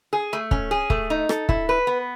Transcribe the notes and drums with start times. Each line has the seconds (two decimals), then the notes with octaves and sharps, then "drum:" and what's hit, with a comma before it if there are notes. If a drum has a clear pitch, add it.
0.13 G#4
0.33 A3
0.51 C#4, drum: kick
0.71 G#4
0.90 A3, drum: kick
1.10 D#4
1.29 A4, drum: rim click
1.49 E4, drum: kick
1.69 B4
1.87 B3